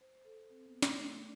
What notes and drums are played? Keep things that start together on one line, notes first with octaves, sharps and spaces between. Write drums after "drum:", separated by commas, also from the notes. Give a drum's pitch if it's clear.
C5
A4
C4
B3
A3, drum: snare
A3